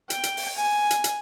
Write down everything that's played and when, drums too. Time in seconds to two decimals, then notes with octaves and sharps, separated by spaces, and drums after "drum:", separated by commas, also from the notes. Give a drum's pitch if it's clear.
0.10 G5, drum: hi-hat
0.23 drum: hi-hat
0.37 drum: open hi-hat
0.57 G#5
0.91 drum: hi-hat
1.04 drum: hi-hat